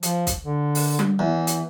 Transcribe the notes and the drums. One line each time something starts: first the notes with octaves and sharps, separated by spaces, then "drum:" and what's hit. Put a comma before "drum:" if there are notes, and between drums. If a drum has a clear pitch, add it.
F3, drum: hi-hat
drum: kick, hi-hat
D3
drum: open hi-hat
drum: tom G3
E2 E3
drum: hi-hat